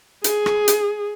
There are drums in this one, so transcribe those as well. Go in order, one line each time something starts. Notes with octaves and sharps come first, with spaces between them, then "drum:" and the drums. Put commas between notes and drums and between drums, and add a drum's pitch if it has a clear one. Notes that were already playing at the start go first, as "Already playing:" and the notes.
G#4, drum: hi-hat
drum: rim click
drum: hi-hat